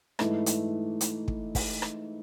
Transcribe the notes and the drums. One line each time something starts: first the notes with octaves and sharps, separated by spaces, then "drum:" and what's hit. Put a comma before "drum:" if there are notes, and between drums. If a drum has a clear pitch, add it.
G#2 E3 A3, drum: rim click
drum: hi-hat
drum: hi-hat
drum: kick
drum: kick, open hi-hat
drum: rim click